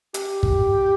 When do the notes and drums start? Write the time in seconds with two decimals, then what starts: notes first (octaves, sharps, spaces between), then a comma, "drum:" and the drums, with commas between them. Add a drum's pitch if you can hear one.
0.14 G4, drum: hi-hat
0.43 drum: kick